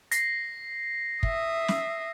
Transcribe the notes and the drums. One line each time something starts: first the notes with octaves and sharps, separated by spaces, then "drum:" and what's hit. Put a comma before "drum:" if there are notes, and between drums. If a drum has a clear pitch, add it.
A#6 C7, drum: hi-hat
E5 D#6, drum: kick
drum: snare